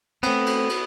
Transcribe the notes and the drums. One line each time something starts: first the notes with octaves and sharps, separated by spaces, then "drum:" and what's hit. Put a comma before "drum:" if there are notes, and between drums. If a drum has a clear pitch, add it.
A3 B3 C4, drum: cymbal
drum: cymbal
drum: cymbal